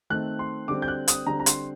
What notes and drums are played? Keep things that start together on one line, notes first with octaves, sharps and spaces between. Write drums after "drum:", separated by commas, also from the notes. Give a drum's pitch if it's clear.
D#3 A3 C4 F#6
C6
D3 G3 C4 D6
G6
F#6
D#6, drum: hi-hat
D3 G3 C4 A#5
A#5
C6, drum: hi-hat